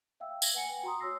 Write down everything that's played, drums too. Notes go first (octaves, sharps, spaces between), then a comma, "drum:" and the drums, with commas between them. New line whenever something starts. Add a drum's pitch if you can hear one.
E5 F5 G5 E6
G#6 A#6 F#7, drum: tambourine
B4 F#5 G#5 C#7
G5 G#5
F#4 A#5 C6 D#6
F#4 C#5 C6 E6 A#6 C7